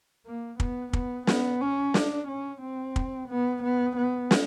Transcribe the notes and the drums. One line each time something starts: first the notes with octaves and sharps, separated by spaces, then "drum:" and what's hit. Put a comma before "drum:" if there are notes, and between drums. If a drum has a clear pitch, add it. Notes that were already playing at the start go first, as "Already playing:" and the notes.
A#3
B3, drum: kick
B3, drum: kick
B3, drum: snare
C#4
D4, drum: snare
C#4
C4
drum: kick
B3
B3
B3
drum: snare